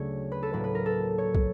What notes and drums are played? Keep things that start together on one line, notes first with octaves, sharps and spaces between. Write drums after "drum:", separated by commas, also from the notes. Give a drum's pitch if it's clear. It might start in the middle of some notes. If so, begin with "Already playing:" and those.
Already playing: D2 C#3 F#3 A3 C#5
B4
A4
A2 F#3 A#3 B4
B4
A#4
A4
C#5
drum: kick